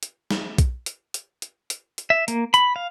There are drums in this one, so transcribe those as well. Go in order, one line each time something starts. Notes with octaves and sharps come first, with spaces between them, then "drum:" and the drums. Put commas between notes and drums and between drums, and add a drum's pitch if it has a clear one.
drum: hi-hat
drum: snare
drum: kick B1, hi-hat
drum: hi-hat
drum: hi-hat
drum: hi-hat
drum: hi-hat
drum: hi-hat
E5
A#3, drum: hi-hat
B5, drum: hi-hat
F5